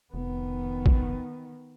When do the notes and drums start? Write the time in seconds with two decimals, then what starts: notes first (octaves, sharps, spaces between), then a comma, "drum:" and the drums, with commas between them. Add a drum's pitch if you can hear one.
0.14 F1 D#3 B3
0.86 drum: kick